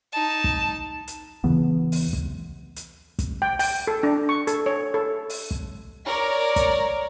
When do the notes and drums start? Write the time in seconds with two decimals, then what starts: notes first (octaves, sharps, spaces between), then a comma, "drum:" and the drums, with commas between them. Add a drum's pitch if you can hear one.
0.12 D#4 A5
0.44 drum: kick
1.08 drum: hi-hat
1.44 D#2 C#3 E3 B3
1.92 drum: open hi-hat
2.13 drum: kick
2.76 drum: hi-hat
3.19 drum: kick, hi-hat
3.42 G5
3.59 G5, drum: open hi-hat
3.87 A4
4.03 D4
4.29 C#6
4.47 A4, drum: hi-hat
4.66 C#5
4.94 A4
5.30 drum: open hi-hat
5.51 drum: kick
6.05 A#4 C#5 D5
6.56 drum: kick, hi-hat